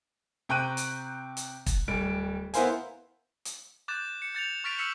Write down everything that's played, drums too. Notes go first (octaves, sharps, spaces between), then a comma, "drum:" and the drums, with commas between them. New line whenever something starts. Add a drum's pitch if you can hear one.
C3 G5 A#5 C#6 F#6 D#7
drum: hi-hat
drum: hi-hat
drum: kick, hi-hat
D1 G3 D7
B3 E4 A#4 C5 F5 G#5, drum: hi-hat
drum: hi-hat
D6 F#6 G6 A6 E7
C#7
G6 A6 E7 F7
C#6 F6 A6 B6 D7 F7
E6 F6 B6 C#7 E7 F#7